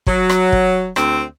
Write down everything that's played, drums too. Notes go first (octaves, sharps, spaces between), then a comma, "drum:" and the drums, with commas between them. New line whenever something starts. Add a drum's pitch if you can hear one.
F#3, drum: kick
drum: rim click
drum: kick
D2 C4, drum: rim click